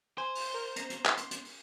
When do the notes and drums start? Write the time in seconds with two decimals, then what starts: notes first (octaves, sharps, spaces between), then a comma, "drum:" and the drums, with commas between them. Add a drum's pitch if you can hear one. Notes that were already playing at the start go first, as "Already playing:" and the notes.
0.18 C5 G#5
0.35 drum: open hi-hat
0.54 A#4
0.76 A#5, drum: hi-hat
0.90 drum: hi-hat
1.05 C6 B6 C7, drum: clap
1.17 drum: hi-hat
1.31 drum: hi-hat
1.45 drum: open hi-hat